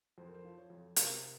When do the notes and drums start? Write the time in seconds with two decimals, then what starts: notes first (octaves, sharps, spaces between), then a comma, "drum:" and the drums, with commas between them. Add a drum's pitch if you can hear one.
0.18 F2 C5
0.27 A#4
0.34 C5
0.44 F3
0.58 C#5
0.70 F2
0.96 C3 A#4, drum: hi-hat